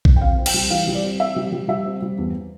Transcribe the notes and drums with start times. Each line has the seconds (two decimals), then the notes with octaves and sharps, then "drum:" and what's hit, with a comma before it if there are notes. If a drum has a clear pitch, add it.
0.05 drum: kick A#1
0.16 G5
0.21 F2 F5
0.38 C4
0.46 G5, drum: cymbal
0.54 G3
0.70 E3 F5
0.87 G3
0.95 D5
1.03 C4
1.20 C4 E5
1.36 G3
1.52 G3
1.68 G3 E5
1.85 C4
2.02 G3
2.18 E2